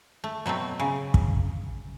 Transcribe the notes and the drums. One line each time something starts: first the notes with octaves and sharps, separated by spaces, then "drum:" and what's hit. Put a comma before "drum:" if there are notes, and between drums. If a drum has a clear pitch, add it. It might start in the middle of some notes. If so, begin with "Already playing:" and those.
A3
B2 F#3 A3 C4
C#3
drum: kick